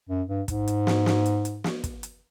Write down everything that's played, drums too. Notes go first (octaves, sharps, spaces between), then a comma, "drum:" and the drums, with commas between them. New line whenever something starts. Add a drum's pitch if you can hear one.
F#2
G2
G#2, drum: kick, hi-hat
drum: hi-hat
drum: snare
drum: snare
drum: hi-hat
drum: hi-hat
drum: snare
drum: kick, hi-hat
drum: hi-hat